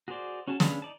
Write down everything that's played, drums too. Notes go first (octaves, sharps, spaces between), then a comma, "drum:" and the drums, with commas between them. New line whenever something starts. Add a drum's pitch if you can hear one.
F#4 G#4 A#4 C5 D5
C#4 F#4 G#4 A5
C#4 D4 G#4 B4 F5, drum: snare
D#4 D5 A5